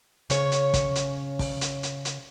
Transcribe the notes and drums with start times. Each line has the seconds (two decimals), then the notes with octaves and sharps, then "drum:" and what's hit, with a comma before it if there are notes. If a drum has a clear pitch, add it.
0.30 C#3 C#5, drum: hi-hat
0.52 drum: hi-hat
0.74 drum: kick, hi-hat
0.95 drum: hi-hat
1.39 drum: kick, open hi-hat
1.61 drum: hi-hat
1.83 drum: hi-hat
2.05 drum: hi-hat